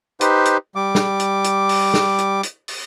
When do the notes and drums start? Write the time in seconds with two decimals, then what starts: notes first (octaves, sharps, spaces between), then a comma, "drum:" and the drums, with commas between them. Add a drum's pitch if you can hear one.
0.21 D#4 G4 B4 C5, drum: hi-hat
0.45 drum: hi-hat
0.76 G3 D6
0.95 drum: snare
1.20 drum: hi-hat
1.44 drum: hi-hat
1.69 drum: open hi-hat
1.94 drum: snare
2.18 drum: hi-hat
2.43 drum: hi-hat
2.68 drum: open hi-hat